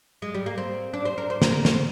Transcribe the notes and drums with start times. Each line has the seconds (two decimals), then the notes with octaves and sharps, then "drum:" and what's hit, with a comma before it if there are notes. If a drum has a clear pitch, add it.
0.22 G#3
0.35 G3
0.46 A#3
0.58 C4
0.94 D4
1.05 C5
1.18 A#4
1.30 C5
1.42 A#4, drum: snare
1.53 A#4
1.65 C5, drum: snare